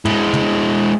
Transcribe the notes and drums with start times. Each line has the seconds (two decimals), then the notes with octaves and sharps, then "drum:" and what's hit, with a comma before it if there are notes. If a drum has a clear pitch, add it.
0.05 G#3 E4, drum: tom
0.33 drum: tom